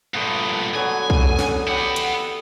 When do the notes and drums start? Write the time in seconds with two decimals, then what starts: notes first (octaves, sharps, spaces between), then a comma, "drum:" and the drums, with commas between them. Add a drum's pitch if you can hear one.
0.14 G2 A#2 A3 B3
0.75 D3 F#3 B3 G#5
1.10 drum: kick
1.22 A2
1.39 drum: snare
1.67 B3 E4 G4 F#5
1.96 drum: hi-hat